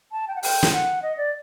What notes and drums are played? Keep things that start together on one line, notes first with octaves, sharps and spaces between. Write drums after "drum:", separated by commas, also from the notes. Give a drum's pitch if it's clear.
A5
G5
F#5
G5, drum: open hi-hat
drum: snare
F#5
D#5
D5